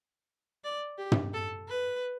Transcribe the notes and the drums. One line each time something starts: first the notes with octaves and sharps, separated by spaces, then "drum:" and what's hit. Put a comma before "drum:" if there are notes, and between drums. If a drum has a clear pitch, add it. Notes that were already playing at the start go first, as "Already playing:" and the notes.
D5
G4
drum: tom
A4
B4